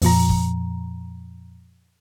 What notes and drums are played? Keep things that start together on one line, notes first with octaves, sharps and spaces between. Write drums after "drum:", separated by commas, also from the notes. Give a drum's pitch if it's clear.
F2 A#2 F3 A#5, drum: open hi-hat
drum: kick